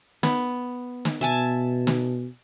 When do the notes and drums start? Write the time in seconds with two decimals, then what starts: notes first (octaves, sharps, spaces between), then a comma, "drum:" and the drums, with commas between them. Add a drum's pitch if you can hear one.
0.23 B3, drum: snare
1.05 drum: snare
1.21 B2 E5 G#5 A5
1.87 drum: snare